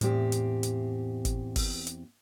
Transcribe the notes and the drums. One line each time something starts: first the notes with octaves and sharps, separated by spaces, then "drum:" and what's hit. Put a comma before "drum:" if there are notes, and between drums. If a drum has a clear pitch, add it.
E2 A2 C4 G4, drum: hi-hat
drum: hi-hat
drum: hi-hat
drum: kick G1, hi-hat
drum: kick G1, open hi-hat
drum: hi-hat